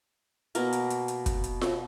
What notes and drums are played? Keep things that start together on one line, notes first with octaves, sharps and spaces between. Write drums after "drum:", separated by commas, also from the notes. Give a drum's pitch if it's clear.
B2 A#3 A#4, drum: hi-hat
drum: hi-hat
drum: hi-hat
drum: hi-hat
drum: kick, hi-hat
drum: hi-hat
drum: snare F4